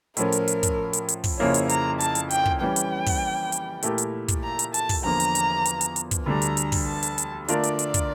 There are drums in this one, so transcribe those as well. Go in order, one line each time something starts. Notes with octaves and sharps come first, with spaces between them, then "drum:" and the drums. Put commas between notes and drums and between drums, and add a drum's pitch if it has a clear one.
A2 F3 C#4 A#4, drum: hi-hat
drum: hi-hat
drum: hi-hat
drum: kick, hi-hat
drum: hi-hat
drum: hi-hat
drum: kick, open hi-hat
F2 C#3 F3 A#3 E4 C#5
drum: hi-hat
A#5, drum: hi-hat
A5, drum: hi-hat
drum: hi-hat
G5, drum: hi-hat
drum: kick
E3 G3 C#4 G5
drum: hi-hat
drum: kick, open hi-hat
drum: hi-hat
A#2 A3 E4 G4 A#4, drum: hi-hat
drum: hi-hat
drum: kick, hi-hat
A#5
drum: hi-hat
A5, drum: hi-hat
drum: kick, open hi-hat
E2 D3 F3 A#3 A#5
drum: hi-hat
drum: hi-hat
drum: hi-hat
drum: hi-hat
drum: hi-hat
drum: kick, hi-hat
D2 D3 G3 D4 A#5
drum: hi-hat
drum: hi-hat
drum: kick, open hi-hat
A5
drum: hi-hat
drum: hi-hat
D3 A3 D4 F4 A#4 D5, drum: hi-hat
drum: hi-hat
drum: hi-hat
drum: kick, hi-hat